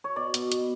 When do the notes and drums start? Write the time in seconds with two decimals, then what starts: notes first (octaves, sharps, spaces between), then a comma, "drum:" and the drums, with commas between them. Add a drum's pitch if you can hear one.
0.04 C#5
0.16 B2 D5
0.34 B2, drum: hi-hat
0.52 B2, drum: hi-hat